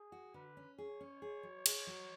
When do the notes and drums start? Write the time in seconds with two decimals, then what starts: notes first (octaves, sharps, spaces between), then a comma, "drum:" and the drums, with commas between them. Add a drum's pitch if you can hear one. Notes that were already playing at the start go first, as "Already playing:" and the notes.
Already playing: G#4
0.12 F#4
0.34 D3 B4
0.57 C#4
0.78 G#4 C#5
1.00 C#4
1.22 G#4
1.43 F#3
1.66 G#4, drum: cymbal
1.87 F#3